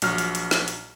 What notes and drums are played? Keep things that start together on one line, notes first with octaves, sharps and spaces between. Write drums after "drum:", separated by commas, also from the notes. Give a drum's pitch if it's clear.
A#1 F#3 F6, drum: hi-hat
drum: hi-hat
drum: hi-hat
drum: snare
drum: hi-hat